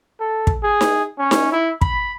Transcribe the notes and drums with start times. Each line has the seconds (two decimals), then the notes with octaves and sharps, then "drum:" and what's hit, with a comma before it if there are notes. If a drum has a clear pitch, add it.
0.20 A4
0.47 drum: kick
0.63 G#4
0.81 drum: snare D#4
1.19 C#4
1.31 drum: snare D#4
1.52 E4
1.81 B5, drum: kick